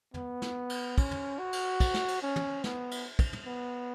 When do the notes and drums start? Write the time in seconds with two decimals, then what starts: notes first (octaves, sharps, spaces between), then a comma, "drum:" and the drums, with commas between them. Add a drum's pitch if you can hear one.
0.14 B3, drum: tom
0.42 drum: snare
0.70 drum: cymbal
0.98 C#4, drum: kick, cymbal
1.11 drum: tom
1.39 F#4
1.53 drum: cymbal
1.80 drum: kick, cymbal
1.94 drum: snare
2.08 drum: cymbal
2.22 C#4
2.36 drum: tom
2.64 B3, drum: snare
2.91 drum: cymbal
3.19 drum: kick, cymbal
3.33 drum: tom
3.46 B3